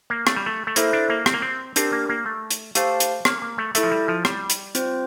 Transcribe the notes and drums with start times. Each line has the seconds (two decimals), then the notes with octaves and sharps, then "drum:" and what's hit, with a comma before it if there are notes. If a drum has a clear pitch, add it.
0.10 A#3
0.27 A3, drum: rim click
0.36 G3
0.46 A3
0.67 A3
0.76 A#3 E4 A4 C5 E5, drum: hi-hat
0.93 D4
1.10 A#3
1.26 C4, drum: rim click
1.34 A#3
1.42 C4
1.76 C4 D4 G4 A#4, drum: hi-hat
1.92 A#3
2.09 A#3
2.26 A3
2.51 drum: hi-hat
2.75 A3 G4 C5 F5 A5, drum: hi-hat
3.00 drum: hi-hat
3.25 A#3, drum: rim click
3.42 A#3
3.58 A3
3.75 A3 E4 A4 E5, drum: hi-hat
3.83 F3
3.92 G3
4.08 F3
4.25 G3, drum: rim click
4.50 drum: hi-hat
4.75 C4 F4 C5, drum: hi-hat